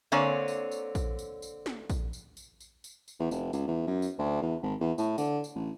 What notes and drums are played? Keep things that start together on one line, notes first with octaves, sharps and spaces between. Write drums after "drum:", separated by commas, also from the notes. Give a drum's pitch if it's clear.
D3 A#3 C4 C#5 D5 G#5
drum: tambourine
drum: tambourine
drum: kick A#1, tambourine
drum: tambourine
drum: tambourine
drum: snare
drum: kick A#1, tambourine
drum: tambourine
drum: tambourine
drum: tambourine
drum: tambourine
drum: tambourine
E2
F1, drum: tambourine
C#2, drum: tambourine
E2
F#2
drum: tambourine
D2
E2
G#1
E2
A2, drum: tambourine
D3, drum: tambourine
drum: tambourine
A1